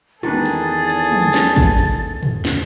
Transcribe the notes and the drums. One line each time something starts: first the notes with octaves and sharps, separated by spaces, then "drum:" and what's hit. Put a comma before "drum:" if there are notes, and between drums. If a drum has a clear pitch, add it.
E2 D#3 D4 G#4 A4 B4 A6, drum: tom
drum: hi-hat
drum: hi-hat
drum: tom
drum: snare
drum: kick
drum: hi-hat
drum: tom
drum: snare